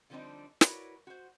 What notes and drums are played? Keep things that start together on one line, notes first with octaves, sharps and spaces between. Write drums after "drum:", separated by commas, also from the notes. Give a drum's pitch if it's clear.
D3 F3 G3 C4 D4 D#4
E4 F#4 A#4 B4 C#5 D5, drum: snare
F#4 C5